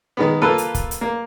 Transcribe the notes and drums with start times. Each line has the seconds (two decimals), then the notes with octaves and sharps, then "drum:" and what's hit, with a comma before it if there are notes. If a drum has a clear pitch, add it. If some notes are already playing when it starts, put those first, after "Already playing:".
0.17 D#3 G#3 B3
0.42 A#3 F4 A4 B4
0.58 drum: hi-hat
0.75 drum: kick, hi-hat
0.91 drum: hi-hat
1.01 A#3